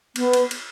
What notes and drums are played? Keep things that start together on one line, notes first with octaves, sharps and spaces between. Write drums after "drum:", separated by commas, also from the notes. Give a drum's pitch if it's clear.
B3, drum: cymbal
drum: cymbal
drum: cymbal